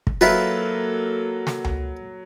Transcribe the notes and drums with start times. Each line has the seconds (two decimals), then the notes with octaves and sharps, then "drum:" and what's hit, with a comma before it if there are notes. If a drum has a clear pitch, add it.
0.07 drum: kick
0.21 F#3 A#3 E4 F4 A4 B4
1.47 drum: snare
1.64 drum: tom C#2